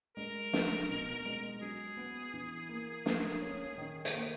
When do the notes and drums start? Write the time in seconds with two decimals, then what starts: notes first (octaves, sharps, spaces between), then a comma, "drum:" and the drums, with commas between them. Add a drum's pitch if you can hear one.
0.17 G#3 A#4
0.53 D#4, drum: snare
0.89 B2
1.25 G#3
1.61 F#3 G#4
1.97 B3
2.34 E3
2.69 A#3
3.06 A#3, drum: snare
3.42 C#4
3.78 D#3
4.05 drum: hi-hat
4.14 A#3